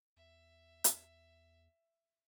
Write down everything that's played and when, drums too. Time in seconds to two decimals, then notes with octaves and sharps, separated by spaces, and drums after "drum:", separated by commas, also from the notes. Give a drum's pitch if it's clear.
0.17 E2 E5
0.84 drum: hi-hat